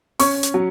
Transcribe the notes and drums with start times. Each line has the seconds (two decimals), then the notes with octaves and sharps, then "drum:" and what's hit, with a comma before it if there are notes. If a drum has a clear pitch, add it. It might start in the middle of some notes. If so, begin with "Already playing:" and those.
0.19 C#4 C#6, drum: open hi-hat
0.43 drum: hi-hat
0.54 F#3